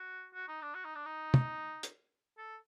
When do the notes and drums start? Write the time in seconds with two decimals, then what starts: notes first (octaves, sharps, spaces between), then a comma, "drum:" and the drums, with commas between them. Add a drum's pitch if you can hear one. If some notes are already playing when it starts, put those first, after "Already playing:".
Already playing: F#4
0.34 F#4
0.48 D#4
0.62 D4
0.75 F#4
0.85 D#4
0.95 D4
1.05 D#4
1.34 drum: tom
1.83 drum: hi-hat
2.38 A4